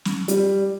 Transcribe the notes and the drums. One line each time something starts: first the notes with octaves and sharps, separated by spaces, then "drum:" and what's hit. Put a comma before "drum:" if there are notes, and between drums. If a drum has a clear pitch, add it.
drum: snare
G3, drum: hi-hat